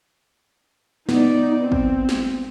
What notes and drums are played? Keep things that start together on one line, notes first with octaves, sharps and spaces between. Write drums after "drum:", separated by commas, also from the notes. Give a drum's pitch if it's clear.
B3 D#4 D5, drum: snare
C4
drum: kick
drum: snare